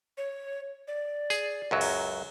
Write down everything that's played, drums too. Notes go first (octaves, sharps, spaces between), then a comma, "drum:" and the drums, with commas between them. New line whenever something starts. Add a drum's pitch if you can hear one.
C#5
D5
G#4, drum: tambourine
C#2 F#2 F#3
drum: cymbal